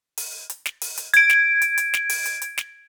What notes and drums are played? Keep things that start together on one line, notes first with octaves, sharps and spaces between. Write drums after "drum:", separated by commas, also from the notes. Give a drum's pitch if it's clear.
drum: open hi-hat
drum: hi-hat
drum: snare
drum: open hi-hat
drum: hi-hat
G#6 D7, drum: hi-hat
drum: snare
drum: hi-hat
drum: hi-hat
drum: snare
drum: open hi-hat
drum: hi-hat
drum: hi-hat
drum: snare